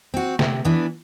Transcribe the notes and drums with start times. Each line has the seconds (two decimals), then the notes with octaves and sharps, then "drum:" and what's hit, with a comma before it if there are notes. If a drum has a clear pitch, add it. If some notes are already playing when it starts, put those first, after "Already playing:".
0.14 C4 F#4
0.39 C3, drum: snare
0.65 E3 B3 D4